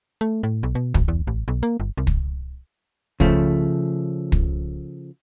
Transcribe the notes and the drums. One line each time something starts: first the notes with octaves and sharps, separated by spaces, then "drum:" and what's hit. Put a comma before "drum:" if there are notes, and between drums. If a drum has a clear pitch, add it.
A3
A2
B1
B2
G#1, drum: kick
E2
A1
B1
A#3
G1
C2
drum: kick
C#3 F3 A3, drum: kick
drum: kick